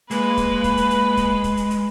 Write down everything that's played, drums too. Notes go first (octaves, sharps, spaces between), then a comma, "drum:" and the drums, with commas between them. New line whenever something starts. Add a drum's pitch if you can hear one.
G#3 A#3 B4, drum: hi-hat
drum: kick, hi-hat
drum: kick, hi-hat
drum: hi-hat
drum: hi-hat
drum: kick, hi-hat
drum: kick, hi-hat
drum: hi-hat
drum: hi-hat